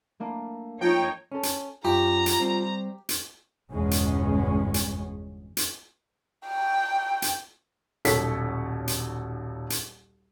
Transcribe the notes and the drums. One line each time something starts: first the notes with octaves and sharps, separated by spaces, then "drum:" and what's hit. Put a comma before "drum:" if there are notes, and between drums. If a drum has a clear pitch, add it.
A3 A#3 D4
F3 D#4 C#5 G5
C#4 A4
drum: hi-hat
F#2 F4 G4 A#5
drum: hi-hat
G3 C4
drum: hi-hat
G1 E2 B2 G#3 C#4
drum: hi-hat
drum: hi-hat
drum: hi-hat
G5
drum: hi-hat
D#1 B1 A4 C#5 B6, drum: hi-hat
drum: hi-hat
drum: hi-hat